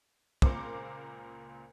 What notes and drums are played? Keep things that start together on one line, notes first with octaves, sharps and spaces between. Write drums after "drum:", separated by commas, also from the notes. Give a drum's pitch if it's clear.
C#2 A#2 A#4 C5 D6 C#7, drum: kick